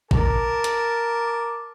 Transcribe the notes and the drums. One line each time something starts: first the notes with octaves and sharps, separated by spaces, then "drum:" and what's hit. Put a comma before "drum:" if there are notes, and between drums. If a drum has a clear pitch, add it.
A#4 A5 D6, drum: kick
drum: hi-hat